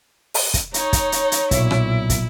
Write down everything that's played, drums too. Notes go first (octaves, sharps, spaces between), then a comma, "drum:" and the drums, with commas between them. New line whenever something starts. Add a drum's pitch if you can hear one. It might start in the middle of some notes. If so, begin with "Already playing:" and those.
drum: open hi-hat
drum: kick, hi-hat
D#4 C#5, drum: hi-hat
drum: kick, hi-hat
drum: hi-hat
drum: hi-hat
B1 A#2 E4, drum: kick, hi-hat
drum: rim click
drum: kick, hi-hat